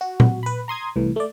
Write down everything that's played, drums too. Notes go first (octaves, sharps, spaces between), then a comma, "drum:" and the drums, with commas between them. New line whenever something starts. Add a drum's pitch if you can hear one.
F#4
drum: tom A#2
B4 B5
A#5 C6 D#6 G#6
C2 A2 E3
A3 D5